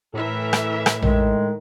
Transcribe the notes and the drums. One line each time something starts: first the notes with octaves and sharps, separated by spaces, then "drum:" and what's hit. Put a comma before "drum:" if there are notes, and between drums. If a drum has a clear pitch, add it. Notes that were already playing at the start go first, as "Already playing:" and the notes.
A2 E3 A#4 E5
drum: rim click
drum: rim click
D#3 G#3, drum: tom A#1